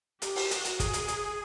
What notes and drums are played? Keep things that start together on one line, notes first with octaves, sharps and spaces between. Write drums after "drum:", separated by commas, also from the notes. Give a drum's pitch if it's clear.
G4, drum: hi-hat
drum: open hi-hat
F#4, drum: hi-hat
drum: hi-hat
G#4, drum: kick, hi-hat
drum: hi-hat
drum: hi-hat